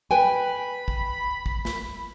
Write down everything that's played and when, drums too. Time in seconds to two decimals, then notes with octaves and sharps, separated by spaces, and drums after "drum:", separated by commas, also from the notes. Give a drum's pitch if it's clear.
0.11 B4 G5 G#5 B5
0.88 drum: kick
1.46 drum: kick
1.65 drum: snare